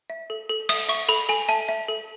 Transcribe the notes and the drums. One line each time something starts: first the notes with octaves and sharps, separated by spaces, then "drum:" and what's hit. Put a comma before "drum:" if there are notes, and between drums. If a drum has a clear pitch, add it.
E5
A4
A4
E5 D#6, drum: cymbal
E5 C#6
A4 B5
A4 G#5
E5 A5
E5
A4